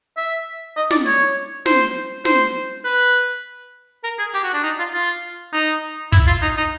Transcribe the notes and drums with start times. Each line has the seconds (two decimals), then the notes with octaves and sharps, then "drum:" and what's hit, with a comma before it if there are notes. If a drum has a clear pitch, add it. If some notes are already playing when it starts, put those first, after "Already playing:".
0.17 E5
0.76 D#5
0.91 D5, drum: snare
1.06 C#5, drum: hi-hat
1.66 C5, drum: snare
2.25 C5, drum: snare
2.84 B4
4.04 A#4
4.18 G#4
4.34 G4, drum: hi-hat
4.44 F#4
4.53 D4
4.63 D#4
4.79 F4
4.93 F4
5.53 D#4
6.12 E4, drum: kick
6.27 F4
6.42 D#4
6.57 D#4